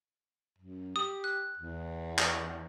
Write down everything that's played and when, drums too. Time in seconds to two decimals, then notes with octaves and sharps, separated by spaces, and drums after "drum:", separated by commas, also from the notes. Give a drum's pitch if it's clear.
0.59 F#2
0.96 G4 D#6
1.24 F#6
1.58 E2
2.18 drum: clap